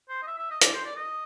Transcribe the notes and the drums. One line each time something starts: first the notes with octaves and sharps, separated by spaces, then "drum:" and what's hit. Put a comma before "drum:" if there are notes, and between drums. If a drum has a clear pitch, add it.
C5
D#5
E5
E5
D#5
D5, drum: hi-hat
C5
D5
D#5